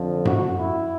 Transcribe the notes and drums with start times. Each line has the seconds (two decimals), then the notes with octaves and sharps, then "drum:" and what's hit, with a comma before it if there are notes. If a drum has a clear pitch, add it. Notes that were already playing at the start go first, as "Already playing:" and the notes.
Already playing: F2 D3 F3
0.25 F#4, drum: tom F#2
0.59 E4